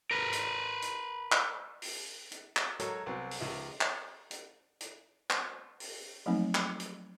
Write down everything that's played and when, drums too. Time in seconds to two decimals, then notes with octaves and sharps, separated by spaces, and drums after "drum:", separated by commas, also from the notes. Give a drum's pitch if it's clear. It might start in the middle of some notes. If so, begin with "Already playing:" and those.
0.11 A#4 B4
0.32 drum: hi-hat
0.82 drum: hi-hat
1.32 drum: clap
1.82 drum: open hi-hat
2.32 drum: hi-hat
2.57 drum: clap
2.80 F#3 G#3 F#4 A4 A#4 C#5, drum: hi-hat
3.06 C2 F#3 B3 C4
3.31 drum: open hi-hat
3.40 C#2 F3 D#4 E5
3.81 drum: clap
4.31 drum: hi-hat
4.81 drum: hi-hat
5.30 drum: clap
5.80 drum: open hi-hat
6.26 F3 F#3 A3 A#3 C4 D#4
6.55 drum: clap
6.80 drum: hi-hat